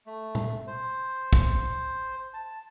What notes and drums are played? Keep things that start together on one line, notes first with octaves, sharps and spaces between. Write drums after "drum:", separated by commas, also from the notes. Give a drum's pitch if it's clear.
A3
drum: tom A#2
C5
drum: kick
A5